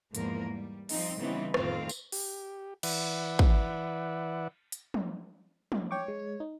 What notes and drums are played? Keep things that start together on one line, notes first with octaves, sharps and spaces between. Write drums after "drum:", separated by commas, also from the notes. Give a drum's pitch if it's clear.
E2 G#2 F3 A#3 A#4, drum: hi-hat
G3
F3 G3 C4 D#4, drum: open hi-hat
C#3 E3 G3 B3 C4 D#4
F2 A2 D#3 C4 F4 F5, drum: rim click
drum: tambourine
G4, drum: open hi-hat
E3 B4 D5 E5 F#5, drum: cymbal
drum: kick
drum: hi-hat
drum: tom
drum: tom
C#5 G5 C#6 D6
G#3
D#4